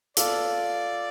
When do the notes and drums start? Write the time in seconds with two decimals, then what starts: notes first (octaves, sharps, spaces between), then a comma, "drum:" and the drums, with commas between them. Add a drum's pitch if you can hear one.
0.17 F4 A4 D5, drum: hi-hat